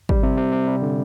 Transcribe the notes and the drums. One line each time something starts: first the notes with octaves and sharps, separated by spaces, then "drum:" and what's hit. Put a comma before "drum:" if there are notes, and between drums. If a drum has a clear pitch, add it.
G3, drum: kick
C3
C3
C3
G3
D3